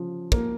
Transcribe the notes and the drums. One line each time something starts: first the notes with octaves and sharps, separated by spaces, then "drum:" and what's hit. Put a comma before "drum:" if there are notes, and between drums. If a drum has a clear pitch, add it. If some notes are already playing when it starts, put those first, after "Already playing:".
Already playing: C#3 F3
A#3, drum: kick